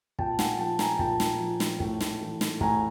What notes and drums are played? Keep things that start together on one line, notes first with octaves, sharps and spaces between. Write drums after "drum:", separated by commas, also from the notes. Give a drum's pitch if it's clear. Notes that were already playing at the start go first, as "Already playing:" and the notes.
A#2 G5 A5, drum: kick
F#5 G#5, drum: snare
F3 G5 A5
G#5 A#5, drum: snare
A#2 G5 A5, drum: kick
drum: snare
F3
drum: snare
A2, drum: kick
drum: snare
E3
drum: snare
A2 G#5 A#5, drum: kick